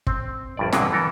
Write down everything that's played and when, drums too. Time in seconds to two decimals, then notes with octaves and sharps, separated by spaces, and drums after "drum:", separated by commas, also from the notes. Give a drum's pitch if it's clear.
0.07 C4, drum: kick
0.57 A#1 G2 D5
0.73 G2 B2 D3 E3 F#3, drum: snare
0.92 E3 A4 A#4